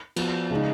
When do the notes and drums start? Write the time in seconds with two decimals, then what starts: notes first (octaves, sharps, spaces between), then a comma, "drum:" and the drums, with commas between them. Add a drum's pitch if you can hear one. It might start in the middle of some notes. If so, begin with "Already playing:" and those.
0.16 F3 B3 F#4, drum: cymbal
0.50 C#3 G#3 D#4